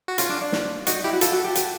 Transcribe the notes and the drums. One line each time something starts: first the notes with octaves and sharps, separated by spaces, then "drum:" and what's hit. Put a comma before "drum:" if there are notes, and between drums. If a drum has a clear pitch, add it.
F#4
C#4 F4, drum: hi-hat
D4
D4
drum: snare
D#4 F#4, drum: hi-hat
E4 G4
F#4
F4 A4, drum: hi-hat
F#4
G4
F#4, drum: hi-hat